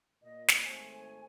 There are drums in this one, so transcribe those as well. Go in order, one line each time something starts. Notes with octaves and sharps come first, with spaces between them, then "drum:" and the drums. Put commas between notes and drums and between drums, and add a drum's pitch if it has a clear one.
A#2 D#5
drum: snare
G#1 A3 C5 G#5